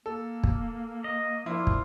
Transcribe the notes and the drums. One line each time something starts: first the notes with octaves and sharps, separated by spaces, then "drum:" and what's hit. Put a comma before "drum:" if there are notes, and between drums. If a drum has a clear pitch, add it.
A#3 A4
drum: kick
D#5
F3 A#3 D4 E4 F4
drum: kick